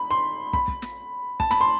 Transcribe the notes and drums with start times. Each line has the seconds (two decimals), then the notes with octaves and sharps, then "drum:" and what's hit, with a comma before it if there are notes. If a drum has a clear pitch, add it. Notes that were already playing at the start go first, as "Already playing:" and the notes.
Already playing: B5
0.11 C6
0.53 B5, drum: kick
0.68 drum: kick
0.82 drum: snare
1.40 A5, drum: kick
1.51 B5, drum: snare
1.61 C6